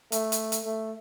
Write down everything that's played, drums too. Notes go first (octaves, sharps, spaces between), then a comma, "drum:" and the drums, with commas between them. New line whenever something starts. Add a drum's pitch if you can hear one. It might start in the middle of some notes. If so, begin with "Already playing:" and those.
A3, drum: hi-hat
drum: hi-hat
drum: hi-hat
A3